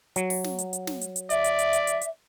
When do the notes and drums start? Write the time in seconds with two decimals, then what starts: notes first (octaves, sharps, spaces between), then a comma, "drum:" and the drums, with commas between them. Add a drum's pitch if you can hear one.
0.16 F#3, drum: hi-hat
0.30 drum: open hi-hat
0.44 drum: snare
0.59 drum: hi-hat
0.73 drum: hi-hat
0.87 drum: snare
1.02 drum: hi-hat
1.16 drum: hi-hat
1.30 D5 E5, drum: hi-hat
1.44 drum: hi-hat
1.59 drum: hi-hat
1.73 drum: hi-hat
1.87 drum: hi-hat
2.02 drum: hi-hat